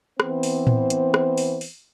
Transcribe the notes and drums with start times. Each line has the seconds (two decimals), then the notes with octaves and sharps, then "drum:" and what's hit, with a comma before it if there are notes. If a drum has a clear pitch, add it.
0.20 E3 B3 C4 C5, drum: rim click
0.43 drum: open hi-hat
0.67 drum: tom A2
0.90 drum: hi-hat
1.14 drum: rim click
1.38 drum: open hi-hat
1.61 drum: open hi-hat